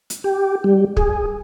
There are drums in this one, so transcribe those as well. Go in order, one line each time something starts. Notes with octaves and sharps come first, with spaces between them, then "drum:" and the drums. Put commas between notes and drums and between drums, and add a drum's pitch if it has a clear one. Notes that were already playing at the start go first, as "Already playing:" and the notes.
drum: hi-hat
G4
G3
G#4, drum: kick